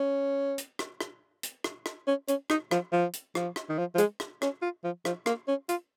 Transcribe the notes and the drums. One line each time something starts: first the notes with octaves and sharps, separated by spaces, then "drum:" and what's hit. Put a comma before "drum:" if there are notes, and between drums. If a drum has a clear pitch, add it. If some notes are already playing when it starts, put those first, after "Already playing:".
Already playing: C#4
drum: hi-hat
drum: rim click
drum: rim click
drum: hi-hat
drum: rim click
drum: rim click
C#4
C#4, drum: hi-hat
D#4, drum: rim click
F3, drum: rim click
F3
drum: hi-hat
F3, drum: rim click
drum: rim click
D#3
F3
F3
G#3, drum: hi-hat
drum: rim click
C#4, drum: rim click
F4
F3
F3, drum: rim click
A#3, drum: rim click
C#4
F4, drum: hi-hat